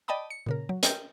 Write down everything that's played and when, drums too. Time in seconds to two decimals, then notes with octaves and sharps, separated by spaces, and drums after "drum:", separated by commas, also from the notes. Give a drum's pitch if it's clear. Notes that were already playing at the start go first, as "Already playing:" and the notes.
0.08 D5 D#5 G5 A5 B5 D#6
0.30 C#7
0.46 A#2 C#3 A#4
0.69 F#3
0.83 A#4 D#5 G5 G6, drum: hi-hat